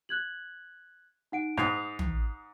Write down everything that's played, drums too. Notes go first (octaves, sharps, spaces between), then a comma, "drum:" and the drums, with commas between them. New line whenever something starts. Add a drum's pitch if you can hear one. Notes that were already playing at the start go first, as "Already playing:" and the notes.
F#6 G#6 F#7
D#4 F#5 D7
G#2 D#6 C7 F7, drum: rim click
drum: tom